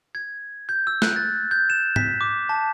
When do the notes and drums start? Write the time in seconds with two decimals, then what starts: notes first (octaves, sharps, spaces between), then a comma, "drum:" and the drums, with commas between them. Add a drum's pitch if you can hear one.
0.15 G#6
0.69 G6
0.87 E6
1.02 F#6, drum: snare
1.16 A6
1.51 G6
1.70 E7
1.96 B6, drum: tom G#2
2.21 D6
2.49 A5